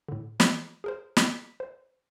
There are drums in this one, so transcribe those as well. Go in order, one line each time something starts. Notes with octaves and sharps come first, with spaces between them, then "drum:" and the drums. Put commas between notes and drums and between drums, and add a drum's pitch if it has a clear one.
A2 D3
E3 F3 G#3, drum: snare
G#4 A#4 C5
drum: snare
B6
C5